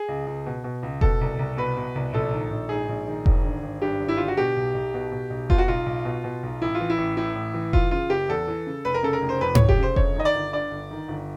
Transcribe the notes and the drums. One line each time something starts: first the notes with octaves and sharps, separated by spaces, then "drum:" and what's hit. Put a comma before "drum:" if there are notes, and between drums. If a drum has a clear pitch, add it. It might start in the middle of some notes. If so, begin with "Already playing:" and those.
Already playing: G#4
C#2
C#2
B2
B2
C#2
B2 A4, drum: kick F1
C2
C2
B2 B4
B2
C2
A#1 A4
D#3
A#1
G#2 G#4
A#1
D#3
G#1, drum: kick F1
D3
G#1
G2 G4
G#1
E4
D3 F4
F#4
B2 G4
B1
B1
B2
B2
B1
B2 F4, drum: kick F1
F#4
B1 F4
B1
B2
B2
B1
A1 E4
F4
E3
E4
A1
A2 E4
A1
E3
E3 F4, drum: kick F1
C#3 F4
F#1 G4
E2 A4
E3
C#3
F1 B4
A#4
C#3 A4
A#4
F1
C5
F2 B4
F1 C#5, drum: tom G#2
G4, drum: kick F1
C#3 C5
G1 C#5, drum: kick F1
D#3 D#5
D5
G1
G2 D5
G1
D#3
G1